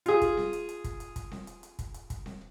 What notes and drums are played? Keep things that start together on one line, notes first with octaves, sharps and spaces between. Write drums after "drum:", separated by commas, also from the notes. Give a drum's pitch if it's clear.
F4 G#4, drum: hi-hat
drum: kick, hi-hat
drum: snare C4
drum: hi-hat
drum: hi-hat
drum: kick, hi-hat
drum: hi-hat
drum: kick, hi-hat
drum: snare C4
drum: hi-hat
drum: hi-hat
drum: kick, hi-hat
drum: hi-hat
drum: kick, hi-hat
drum: snare C4